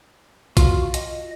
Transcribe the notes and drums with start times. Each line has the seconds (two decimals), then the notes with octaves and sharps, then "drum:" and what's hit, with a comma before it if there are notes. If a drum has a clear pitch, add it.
0.57 F4 F#4, drum: kick, hi-hat
0.94 D#5, drum: hi-hat